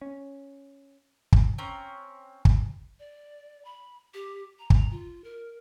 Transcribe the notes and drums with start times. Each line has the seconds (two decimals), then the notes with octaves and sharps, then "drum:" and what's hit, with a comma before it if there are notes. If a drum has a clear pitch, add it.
0.02 C#4
1.32 drum: kick
1.58 C4 C#4 A#5
2.45 drum: kick
3.00 D5
3.65 B5
4.14 G4
4.59 A#5
4.70 drum: kick
4.91 F4
5.24 A#4